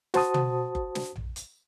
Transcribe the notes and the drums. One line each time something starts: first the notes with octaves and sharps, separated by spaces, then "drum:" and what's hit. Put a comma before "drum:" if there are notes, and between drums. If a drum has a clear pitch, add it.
F#4 C5 A5 D#6, drum: snare
drum: tom
drum: kick F#1
drum: snare
drum: tom A#1
drum: hi-hat